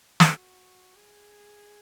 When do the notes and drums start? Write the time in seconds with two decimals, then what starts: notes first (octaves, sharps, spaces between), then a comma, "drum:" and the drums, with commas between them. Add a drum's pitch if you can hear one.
0.20 F#4, drum: snare
0.95 G#4